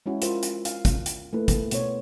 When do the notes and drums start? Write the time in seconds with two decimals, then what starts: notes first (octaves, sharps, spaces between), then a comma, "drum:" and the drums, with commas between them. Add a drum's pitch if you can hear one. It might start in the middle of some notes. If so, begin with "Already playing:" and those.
0.06 G#3 C#4 E4 F#4
0.22 F4 F#4 A#4 C5, drum: hi-hat
0.43 drum: hi-hat
0.65 F5, drum: hi-hat
0.85 drum: kick, hi-hat
1.06 drum: hi-hat
1.33 A3 A#3 E4 B4
1.48 drum: kick, hi-hat
1.71 B2 B3 C5 C#5, drum: hi-hat